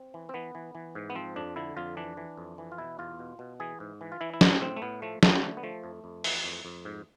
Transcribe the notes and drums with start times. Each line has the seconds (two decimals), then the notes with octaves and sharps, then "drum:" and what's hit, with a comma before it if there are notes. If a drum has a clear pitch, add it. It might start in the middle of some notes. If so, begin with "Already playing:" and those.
Already playing: C4
0.14 E3
0.29 C4
0.34 E3 B3
0.55 E3
0.75 E3
0.95 G#2
1.10 B3
1.15 F3 C4
1.36 F2 D4
1.56 D3 E4
1.77 F2 F4
1.97 E3 D4
2.17 E3
2.38 F2
2.58 E3
2.72 F4
2.78 B2 E4
2.99 E2 F4
3.19 B2
3.39 B2
3.60 E3 G#4
3.80 G#2
4.01 E3
4.12 F4
4.21 E3 E4
4.34 E4
4.41 A2 D4, drum: snare
4.61 A2 C4
4.77 A3
4.82 A2 B3
5.02 F3 A3
5.23 F3 A3, drum: snare
5.43 D3 A3
5.57 B3
5.63 F3 A3
5.84 F2
6.04 F2
6.24 E3, drum: open hi-hat
6.44 F2
6.65 F2
6.85 G#2